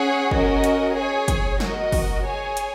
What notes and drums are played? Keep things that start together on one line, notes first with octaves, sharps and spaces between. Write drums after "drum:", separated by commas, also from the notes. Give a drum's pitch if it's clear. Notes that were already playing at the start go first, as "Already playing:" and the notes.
Already playing: C#4 G#4 C#5 F#5
C#4 F#4 A#4 D#5, drum: kick
drum: hi-hat
G#4 C#5 G#5
drum: kick, hi-hat
F#4 A#4 D#5, drum: snare
drum: kick, open hi-hat
G#4 C#5 G#5
drum: hi-hat